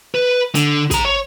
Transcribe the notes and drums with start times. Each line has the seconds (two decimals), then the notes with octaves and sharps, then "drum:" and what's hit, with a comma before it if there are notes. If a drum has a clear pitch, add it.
0.15 B4
0.55 D3, drum: hi-hat
0.91 G#4 A#5, drum: kick, hi-hat
1.05 C#5